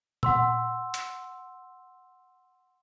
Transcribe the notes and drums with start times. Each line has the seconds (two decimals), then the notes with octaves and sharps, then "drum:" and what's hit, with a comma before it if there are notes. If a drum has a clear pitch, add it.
0.23 F#5 C6 E6, drum: tom A#2
0.94 drum: hi-hat